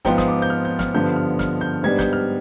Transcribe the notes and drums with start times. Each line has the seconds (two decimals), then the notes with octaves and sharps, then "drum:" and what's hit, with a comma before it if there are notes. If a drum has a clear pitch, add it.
0.05 G#2 F3 B3 F4 G5, drum: snare
0.18 D#6, drum: snare
0.28 D6
0.42 G6
0.50 F6
0.65 G6
0.79 F6, drum: snare
0.95 G2 D3 F3 B3 G6
1.16 F6
1.39 F6, drum: snare
1.61 G6
1.83 G#2 G3 B3 D4 G#6
1.99 G6, drum: snare
2.13 F6